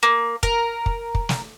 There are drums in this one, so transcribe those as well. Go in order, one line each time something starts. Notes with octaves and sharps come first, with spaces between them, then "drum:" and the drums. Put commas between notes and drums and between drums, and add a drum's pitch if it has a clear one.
A#3
A#4, drum: kick
drum: kick
drum: kick
drum: snare